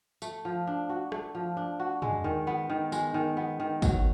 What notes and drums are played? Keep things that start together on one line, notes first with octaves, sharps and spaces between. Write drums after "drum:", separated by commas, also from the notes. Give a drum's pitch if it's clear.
A3, drum: tambourine
F3
D4
F#4
A3, drum: rim click
F3
D4
F#4
G#3, drum: tom
D#3
B3
D#3
G#3, drum: tambourine
D#3
B3
D#3
F#3, drum: kick, tambourine